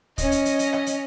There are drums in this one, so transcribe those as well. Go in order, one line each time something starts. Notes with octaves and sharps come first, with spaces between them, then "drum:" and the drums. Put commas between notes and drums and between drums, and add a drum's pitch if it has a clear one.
C#4 D#5, drum: kick, hi-hat
drum: hi-hat
drum: hi-hat
drum: hi-hat
drum: rim click
drum: hi-hat